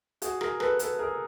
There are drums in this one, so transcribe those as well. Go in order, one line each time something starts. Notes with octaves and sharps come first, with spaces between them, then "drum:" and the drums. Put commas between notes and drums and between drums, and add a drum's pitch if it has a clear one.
F#4 G#4, drum: hi-hat
G#4 A#4, drum: rim click
A4 B4, drum: rim click
A4 B4, drum: hi-hat
G#4 A#4